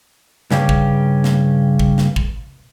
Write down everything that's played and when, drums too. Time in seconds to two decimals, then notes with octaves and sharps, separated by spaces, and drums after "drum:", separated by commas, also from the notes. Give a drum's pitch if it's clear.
0.51 G2 C#3 C#4 G4, drum: snare
0.69 drum: kick
1.24 drum: snare
1.79 drum: kick
1.98 drum: snare
2.16 drum: kick